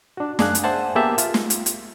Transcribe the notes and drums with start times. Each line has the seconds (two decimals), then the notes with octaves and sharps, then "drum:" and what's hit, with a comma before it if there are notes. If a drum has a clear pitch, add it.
0.17 D4 F#4
0.39 F#2 D4 G#4 F5 F#6, drum: snare
0.55 drum: hi-hat
0.64 C5 E5 F#5 G#5 A5
0.95 A#3 B3 G4 G#4 E5 A5
1.18 F4, drum: hi-hat
1.34 drum: snare
1.50 drum: hi-hat
1.66 drum: hi-hat